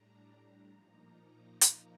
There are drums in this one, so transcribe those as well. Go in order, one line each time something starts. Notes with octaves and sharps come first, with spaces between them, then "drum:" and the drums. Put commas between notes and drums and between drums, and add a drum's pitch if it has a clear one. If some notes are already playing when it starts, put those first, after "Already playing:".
Already playing: A2 G3 D4 A#5
A#2 F3 A#3 D#4
drum: hi-hat